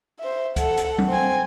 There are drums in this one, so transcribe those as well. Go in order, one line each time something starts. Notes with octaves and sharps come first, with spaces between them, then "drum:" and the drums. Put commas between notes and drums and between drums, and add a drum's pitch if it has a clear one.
C5 E5
A4 F#5, drum: kick C#2, hi-hat
drum: hi-hat
drum: tom F#3
C4 G#5